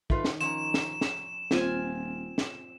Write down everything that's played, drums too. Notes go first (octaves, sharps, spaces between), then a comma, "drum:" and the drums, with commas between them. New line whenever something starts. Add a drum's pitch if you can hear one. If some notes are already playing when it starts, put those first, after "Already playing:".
D#3 A3 F4 B4, drum: kick
drum: snare
F3 C#4 A#5 E7, drum: hi-hat
drum: snare
drum: snare
D#1 C4 F4 G#5, drum: snare
drum: snare